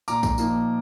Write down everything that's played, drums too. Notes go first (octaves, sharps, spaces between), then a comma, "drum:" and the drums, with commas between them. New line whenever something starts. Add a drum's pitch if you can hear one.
A#2 A#5 D6, drum: tambourine
drum: kick A#1, tambourine
F3 A#3 D#4, drum: tambourine